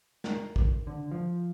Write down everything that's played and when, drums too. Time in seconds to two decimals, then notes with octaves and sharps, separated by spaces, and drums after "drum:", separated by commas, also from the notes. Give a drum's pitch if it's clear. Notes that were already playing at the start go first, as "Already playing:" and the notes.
0.24 A#4, drum: snare
0.56 drum: kick
0.87 D3
1.11 F3